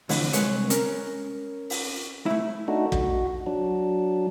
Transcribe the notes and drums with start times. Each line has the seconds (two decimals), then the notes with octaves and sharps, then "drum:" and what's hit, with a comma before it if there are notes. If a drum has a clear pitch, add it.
0.09 F2 A2 D3 E3, drum: open hi-hat
0.33 C2 A2 G#3 B4 C#5, drum: hi-hat
0.70 C#4 A#4, drum: hi-hat
1.70 drum: open hi-hat
2.26 A3 E4
2.68 A3 D4 D#4 F#4
2.92 F#4, drum: kick
3.47 F#3 D4